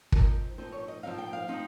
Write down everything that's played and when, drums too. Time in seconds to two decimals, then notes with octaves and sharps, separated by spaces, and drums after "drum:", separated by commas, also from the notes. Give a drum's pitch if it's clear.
0.12 F3 C4 D#4 A#4, drum: kick
0.58 F3 C4 D#4 C5
0.72 C#5
0.88 D#5
1.03 F3 C4 D#4 F5
1.18 G5
1.33 F5
1.48 F3 C4 D#4